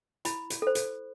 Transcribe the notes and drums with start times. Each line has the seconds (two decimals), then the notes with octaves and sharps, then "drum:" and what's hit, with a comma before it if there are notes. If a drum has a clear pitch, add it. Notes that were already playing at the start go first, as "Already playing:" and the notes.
0.25 E4 B5, drum: hi-hat
0.50 drum: hi-hat
0.62 A4 C5
0.75 drum: hi-hat